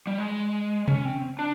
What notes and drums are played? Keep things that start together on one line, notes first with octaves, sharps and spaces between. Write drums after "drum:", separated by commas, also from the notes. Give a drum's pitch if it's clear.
G3
G#3
C#4, drum: tom C3
C4
D4